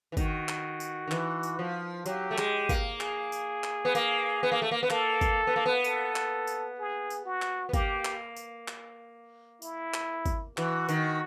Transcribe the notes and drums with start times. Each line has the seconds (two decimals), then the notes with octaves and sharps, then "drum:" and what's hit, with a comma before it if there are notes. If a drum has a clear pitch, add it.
0.12 E3
0.17 D#3 F#4, drum: kick, tambourine
0.49 drum: clap
0.80 drum: tambourine
1.08 D#3
1.11 E3, drum: clap
1.43 drum: tambourine
1.59 F3
2.06 F#3 G4, drum: tambourine
2.31 A3
2.38 G#3, drum: clap
2.69 A#3, drum: kick, tambourine
3.01 G#4, drum: clap
3.32 drum: tambourine
3.64 drum: clap
3.85 B3
3.95 A#3, drum: tambourine
4.43 B3
4.52 A#3
4.62 A3
4.71 A#3
4.83 B3
4.90 A#3 A4, drum: clap
5.21 drum: kick, tambourine
5.47 B3
5.56 A#3
5.66 B3
5.84 A4, drum: tambourine
6.16 drum: clap
6.47 drum: tambourine
6.79 G#4
7.10 drum: tambourine
7.26 F#4
7.42 drum: clap
7.69 B3
7.73 A#3 G4, drum: kick, tambourine
8.05 drum: clap
8.36 drum: tambourine
8.68 drum: clap
9.62 E4, drum: tambourine
9.94 drum: clap
10.26 drum: kick, tambourine
10.58 E3 F#4, drum: clap
10.89 D#3, drum: tambourine